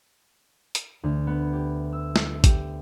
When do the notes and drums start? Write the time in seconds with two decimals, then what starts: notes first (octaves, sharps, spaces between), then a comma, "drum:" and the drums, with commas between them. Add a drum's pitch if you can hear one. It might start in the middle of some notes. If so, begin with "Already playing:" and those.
0.75 drum: hi-hat
1.03 D2
1.27 B3
1.53 G4
1.93 E6
2.16 drum: snare
2.44 G4, drum: kick A1, hi-hat